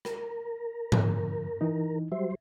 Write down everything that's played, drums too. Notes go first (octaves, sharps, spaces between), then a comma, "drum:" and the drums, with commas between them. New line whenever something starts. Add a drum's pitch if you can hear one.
A#4, drum: rim click
D3 F3, drum: tom G#2
E3 D#4
F#3 G3 C5 E5